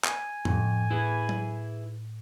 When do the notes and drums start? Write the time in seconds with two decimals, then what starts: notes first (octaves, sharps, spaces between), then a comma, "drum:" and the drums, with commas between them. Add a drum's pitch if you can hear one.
0.04 G#5, drum: clap
0.45 F2 A2, drum: tom F2
0.90 E4 G#4 B4
1.29 drum: tom F#3